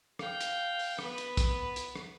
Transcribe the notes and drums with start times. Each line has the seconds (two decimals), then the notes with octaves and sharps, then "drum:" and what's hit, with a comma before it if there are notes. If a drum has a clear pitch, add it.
0.19 F5 G5, drum: rim click
0.40 drum: hi-hat
0.79 drum: open hi-hat
0.99 B3 B4, drum: rim click
1.18 drum: hi-hat
1.37 drum: kick, hi-hat
1.76 drum: hi-hat
1.96 drum: rim click